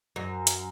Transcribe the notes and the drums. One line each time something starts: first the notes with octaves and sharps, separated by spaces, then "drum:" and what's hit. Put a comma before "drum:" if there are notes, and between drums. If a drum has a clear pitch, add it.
F#2
drum: hi-hat